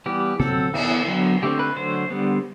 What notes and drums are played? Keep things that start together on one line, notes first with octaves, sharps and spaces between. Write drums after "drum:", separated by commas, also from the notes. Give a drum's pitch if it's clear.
E3 G3 B3 G4
F#3 C4 A4, drum: tom
E3 B3, drum: cymbal
D3 F#3 B3
D3 A3 C4 G4
B4
D3 F#3 A3 C5
D3 G3 B3